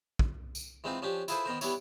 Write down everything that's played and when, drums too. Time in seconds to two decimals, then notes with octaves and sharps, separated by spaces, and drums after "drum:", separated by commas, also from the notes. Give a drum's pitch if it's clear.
0.19 drum: kick
0.55 drum: tambourine
0.84 E3 G#3 C4 D#4 F4
1.02 F3 C#4 D4 G4
1.28 E4 F4 G#4 A4 B4 C5, drum: tambourine
1.46 D#3 B3 A#4 C5
1.61 G3 B3 D4 E4 C#5, drum: tambourine